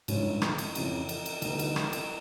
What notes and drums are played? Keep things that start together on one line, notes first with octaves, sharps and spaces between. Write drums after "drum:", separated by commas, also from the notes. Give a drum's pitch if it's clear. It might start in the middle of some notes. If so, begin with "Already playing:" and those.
G#2 C#3 F3 G#3 C#4 E4, drum: cymbal
G2
G#2
drum: rim click
drum: cymbal
F2 C#3 E3, drum: cymbal
drum: cymbal
drum: cymbal
D2 D3 G3 B3 D#4, drum: cymbal
drum: cymbal
drum: rim click
drum: cymbal